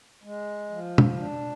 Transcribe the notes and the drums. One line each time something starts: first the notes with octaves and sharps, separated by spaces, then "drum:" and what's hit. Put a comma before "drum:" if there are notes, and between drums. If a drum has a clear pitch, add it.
G#3
F3
drum: tom B2
D4